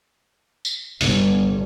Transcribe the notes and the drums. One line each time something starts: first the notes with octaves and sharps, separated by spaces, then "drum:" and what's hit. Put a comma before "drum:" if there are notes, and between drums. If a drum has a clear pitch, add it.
drum: tambourine
G1, drum: open hi-hat